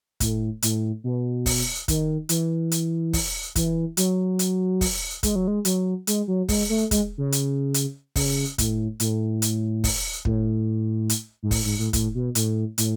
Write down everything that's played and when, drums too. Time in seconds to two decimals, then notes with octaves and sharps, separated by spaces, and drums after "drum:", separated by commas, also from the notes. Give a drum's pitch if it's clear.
0.20 A2, drum: kick, hi-hat
0.62 A2, drum: hi-hat
1.04 B2
1.46 drum: kick, open hi-hat
1.88 D#3, drum: kick, hi-hat
2.29 E3, drum: hi-hat
2.71 drum: hi-hat
3.13 drum: kick, open hi-hat
3.56 E3, drum: kick, hi-hat
3.97 F#3, drum: hi-hat
4.39 drum: hi-hat
4.81 drum: kick, open hi-hat
5.23 G#3, drum: kick, hi-hat
5.36 F#3
5.48 G#3
5.65 F#3, drum: hi-hat
6.07 G#3, drum: hi-hat
6.28 F#3
6.49 G#3, drum: kick, open hi-hat
6.70 A3
6.91 G#3, drum: kick, hi-hat
7.18 C#3
7.32 drum: hi-hat
7.74 drum: hi-hat
8.16 C#3, drum: kick, open hi-hat
8.58 A2, drum: kick, hi-hat
9.00 A2, drum: hi-hat
9.42 drum: hi-hat
9.84 drum: kick, open hi-hat
10.25 A2, drum: kick
11.09 drum: hi-hat
11.43 G#2
11.51 A2, drum: kick, open hi-hat
11.65 G#2
11.79 A2
11.93 A2, drum: kick, hi-hat
12.15 B2
12.35 A2, drum: hi-hat
12.78 A2, drum: hi-hat